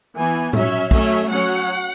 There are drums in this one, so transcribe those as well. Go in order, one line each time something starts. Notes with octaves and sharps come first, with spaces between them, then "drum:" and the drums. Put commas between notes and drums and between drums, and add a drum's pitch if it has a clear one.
E3 B3 G#5
F#3 C#4 E5, drum: tom A2
F#3 A3 C#4 E5, drum: kick
F#3 C#4 F#5